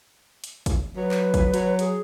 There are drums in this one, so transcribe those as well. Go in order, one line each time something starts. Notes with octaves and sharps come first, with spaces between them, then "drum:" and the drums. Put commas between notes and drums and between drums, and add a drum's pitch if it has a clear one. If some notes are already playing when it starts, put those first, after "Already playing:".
drum: hi-hat
drum: kick, hi-hat
F#3 B4
drum: clap
drum: kick, hi-hat
F#3, drum: hi-hat
G#4, drum: hi-hat